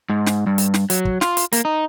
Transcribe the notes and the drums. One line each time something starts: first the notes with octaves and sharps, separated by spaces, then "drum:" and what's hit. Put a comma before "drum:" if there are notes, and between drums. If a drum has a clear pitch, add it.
G#2
drum: snare
G2
drum: hi-hat
drum: snare
F#3, drum: hi-hat
drum: kick
F4, drum: snare
drum: hi-hat
A#3, drum: hi-hat
D#4